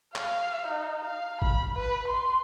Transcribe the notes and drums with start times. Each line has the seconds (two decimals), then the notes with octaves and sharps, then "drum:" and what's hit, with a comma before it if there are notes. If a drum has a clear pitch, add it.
0.15 F5, drum: clap
0.67 D#4
1.05 F5
1.42 B5, drum: kick
1.75 B4
2.08 C6